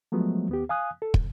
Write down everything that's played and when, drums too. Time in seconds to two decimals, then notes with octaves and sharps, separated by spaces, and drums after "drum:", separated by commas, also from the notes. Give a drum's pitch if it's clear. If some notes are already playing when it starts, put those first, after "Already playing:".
0.12 F3 F#3 G#3 A3 B3
0.49 D#2 B3 G4
0.69 F5 G#5 D#6 F#6
1.02 A4
1.14 F2, drum: kick